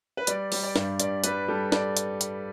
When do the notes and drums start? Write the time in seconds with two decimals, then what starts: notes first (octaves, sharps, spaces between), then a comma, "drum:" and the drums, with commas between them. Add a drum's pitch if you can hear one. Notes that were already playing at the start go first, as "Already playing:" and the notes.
0.17 B4
0.27 G3 D5, drum: hi-hat
0.52 G3, drum: open hi-hat
0.63 D5
0.76 G2, drum: snare
1.00 G2 D5, drum: hi-hat
1.24 G3 B4, drum: hi-hat
1.48 G3 A4
1.72 D5, drum: snare
1.97 drum: hi-hat
2.21 drum: hi-hat